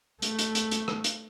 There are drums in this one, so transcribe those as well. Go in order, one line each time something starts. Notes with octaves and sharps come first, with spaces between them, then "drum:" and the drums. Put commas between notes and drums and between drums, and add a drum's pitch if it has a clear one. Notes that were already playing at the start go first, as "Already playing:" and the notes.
A3, drum: hi-hat
drum: hi-hat
drum: hi-hat
drum: hi-hat
drum: rim click
drum: hi-hat